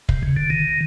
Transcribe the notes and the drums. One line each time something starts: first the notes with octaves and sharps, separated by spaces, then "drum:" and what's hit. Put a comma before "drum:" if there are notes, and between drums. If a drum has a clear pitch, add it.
C3, drum: kick
C#3
D3
D#3